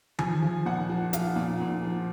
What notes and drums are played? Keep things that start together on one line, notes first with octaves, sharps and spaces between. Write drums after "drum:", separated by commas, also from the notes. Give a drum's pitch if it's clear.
F3 G#5, drum: tom D#3
F3
A#2 F#5
F3
F3 F5, drum: hi-hat
A#2
A#2
F3